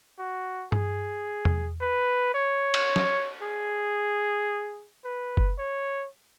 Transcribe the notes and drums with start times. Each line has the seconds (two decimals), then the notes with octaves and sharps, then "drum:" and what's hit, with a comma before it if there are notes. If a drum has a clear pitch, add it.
0.18 F#4
0.72 G#4, drum: tom G2
1.45 drum: tom E2
1.81 B4
2.34 C#5
2.74 drum: cymbal
2.96 drum: snare
3.42 G#4
5.04 B4
5.37 drum: kick F#1
5.58 C#5